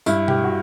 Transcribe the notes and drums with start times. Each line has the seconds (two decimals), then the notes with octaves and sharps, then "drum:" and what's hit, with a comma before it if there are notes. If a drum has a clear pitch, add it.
0.06 G2 E4, drum: tambourine
0.28 G4, drum: tom B2
0.44 F#4